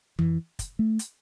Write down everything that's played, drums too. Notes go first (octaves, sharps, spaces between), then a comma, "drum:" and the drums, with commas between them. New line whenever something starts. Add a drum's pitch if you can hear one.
E3, drum: tom F2
drum: kick, hi-hat
A3
drum: hi-hat